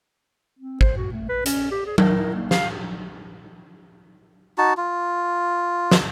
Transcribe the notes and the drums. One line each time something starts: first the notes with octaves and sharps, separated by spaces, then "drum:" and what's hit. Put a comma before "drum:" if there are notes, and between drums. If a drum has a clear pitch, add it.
C4
C5, drum: kick
F#4
A3
B4
C#4, drum: hi-hat
G4
G#4
A#4, drum: tom F#3
A#3
F5, drum: snare
D#4 F#4 A5
F4
drum: snare